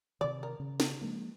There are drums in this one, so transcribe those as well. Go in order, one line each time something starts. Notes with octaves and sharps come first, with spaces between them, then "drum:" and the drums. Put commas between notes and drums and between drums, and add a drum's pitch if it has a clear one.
C3 D#3 D5
A#4
C#3
drum: snare
F3 G#3 A#3